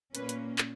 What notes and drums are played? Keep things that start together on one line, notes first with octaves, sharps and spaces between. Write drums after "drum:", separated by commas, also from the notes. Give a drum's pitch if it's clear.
A#2 A#3 C#4 B4, drum: hi-hat
drum: hi-hat
drum: clap